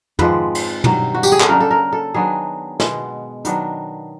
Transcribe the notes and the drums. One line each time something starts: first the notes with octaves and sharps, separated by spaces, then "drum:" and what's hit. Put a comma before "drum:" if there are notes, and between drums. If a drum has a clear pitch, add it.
G#2 F3 G#3 C4 B4, drum: tom
drum: cymbal
G2 D#3 F#3, drum: tom
F#4
G4, drum: tambourine
G#4
A4, drum: clap
C#3 F#3 A#3 D4 A#4
A4
A#4
A4
D#3 F#3 B3 D4 G#4
B2 G#3 B3, drum: snare
D#3 F#3 B3 D4, drum: hi-hat